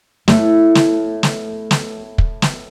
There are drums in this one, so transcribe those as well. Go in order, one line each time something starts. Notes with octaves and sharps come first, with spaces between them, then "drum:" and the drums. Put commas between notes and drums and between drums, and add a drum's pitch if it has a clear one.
A2 A3, drum: snare
drum: snare
drum: snare
drum: snare
drum: kick
drum: snare